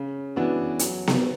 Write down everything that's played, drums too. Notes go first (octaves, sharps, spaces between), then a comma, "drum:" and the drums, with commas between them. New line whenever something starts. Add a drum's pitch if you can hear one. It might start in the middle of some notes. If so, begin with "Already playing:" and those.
Already playing: C#3
E3 B3 D4 F#4
F#3, drum: hi-hat
drum: snare B3